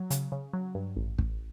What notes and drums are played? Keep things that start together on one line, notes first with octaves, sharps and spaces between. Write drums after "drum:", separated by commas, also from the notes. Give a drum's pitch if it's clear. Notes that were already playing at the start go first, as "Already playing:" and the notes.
Already playing: F#3
C#3, drum: hi-hat
C#3
F#3
G2
A1
A1, drum: kick